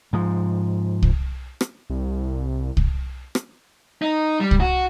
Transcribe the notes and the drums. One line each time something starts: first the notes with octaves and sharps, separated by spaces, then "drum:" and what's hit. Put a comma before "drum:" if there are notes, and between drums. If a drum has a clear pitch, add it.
G#2 F3
drum: kick C2
drum: rim click
C2
drum: kick C2
drum: rim click
D#4
G3
drum: kick C2
F#4